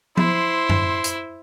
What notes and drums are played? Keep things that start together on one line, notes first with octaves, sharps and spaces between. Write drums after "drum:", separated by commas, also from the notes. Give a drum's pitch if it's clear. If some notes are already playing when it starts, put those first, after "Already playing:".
E4 C5 C6, drum: tom F3
drum: tom F#2
drum: hi-hat